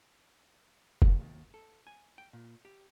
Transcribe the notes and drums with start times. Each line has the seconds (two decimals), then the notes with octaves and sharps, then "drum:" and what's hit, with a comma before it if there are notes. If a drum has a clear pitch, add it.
1.02 drum: kick F#1
1.20 D#2
1.54 A4
1.87 G#5
2.18 G5
2.33 A#2
2.65 G4